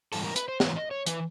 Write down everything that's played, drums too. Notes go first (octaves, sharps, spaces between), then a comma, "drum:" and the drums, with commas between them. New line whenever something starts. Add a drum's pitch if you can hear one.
G#2 E3 G3 A4, drum: open hi-hat
A#4
B4, drum: hi-hat
C5
G#2 E3 C#5, drum: snare
D#5
C#5
E3 B4, drum: hi-hat